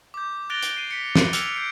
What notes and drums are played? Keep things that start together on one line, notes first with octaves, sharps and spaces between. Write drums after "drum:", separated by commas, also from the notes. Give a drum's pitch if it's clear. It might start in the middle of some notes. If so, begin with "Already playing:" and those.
D6 G6
F#6 A6 A#6 D7 F7 G7
drum: hi-hat
C7 D#7
B6 C#7
drum: snare
E6 F6 G#6 C#7 F7, drum: hi-hat
G6 C7 D7